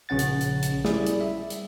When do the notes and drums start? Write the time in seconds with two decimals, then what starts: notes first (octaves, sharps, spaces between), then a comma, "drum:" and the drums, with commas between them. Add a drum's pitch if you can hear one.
0.09 A#1 C#3 C#4 F#5 A6
0.19 drum: hi-hat
0.41 drum: hi-hat
0.63 drum: hi-hat
0.85 G3 E4 G#4 D5, drum: snare
1.07 drum: hi-hat
1.21 E5
1.50 drum: hi-hat